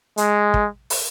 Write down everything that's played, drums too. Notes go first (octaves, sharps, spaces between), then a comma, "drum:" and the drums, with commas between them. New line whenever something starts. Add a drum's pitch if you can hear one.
G#3, drum: hi-hat
drum: kick
drum: open hi-hat